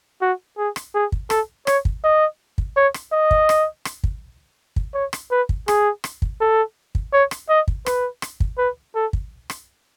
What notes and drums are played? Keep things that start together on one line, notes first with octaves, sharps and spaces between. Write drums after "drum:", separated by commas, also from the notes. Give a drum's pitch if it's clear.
F#4
G#4
drum: rim click
G#4
drum: kick
A4, drum: rim click
C#5, drum: rim click
drum: kick
D#5
drum: kick
C#5
drum: rim click
D#5
drum: kick
drum: rim click
drum: rim click
drum: kick
drum: kick
C#5
drum: rim click
B4
drum: kick
G#4, drum: rim click
drum: rim click
drum: kick
A4
drum: kick
C#5
drum: rim click
D#5
drum: kick
B4, drum: rim click
drum: rim click
drum: kick
B4
A4
drum: kick
drum: rim click